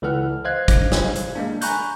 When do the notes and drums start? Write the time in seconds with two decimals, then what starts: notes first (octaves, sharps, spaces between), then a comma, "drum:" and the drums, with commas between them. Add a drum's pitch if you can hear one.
0.02 C#2 E3 A4 B4 F#5 F6
0.45 C5 D#5 F5 F#6 G#6
0.68 drum: kick, hi-hat
0.92 drum: snare
1.15 drum: hi-hat
1.35 G#3 A#3 D4
1.61 G#5 A#5 B5 C#6 F#6 G6, drum: hi-hat